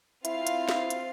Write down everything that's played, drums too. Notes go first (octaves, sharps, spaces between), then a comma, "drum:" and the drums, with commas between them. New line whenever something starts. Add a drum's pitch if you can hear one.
C4 E4 F4 F5, drum: hi-hat
drum: hi-hat
drum: snare
drum: hi-hat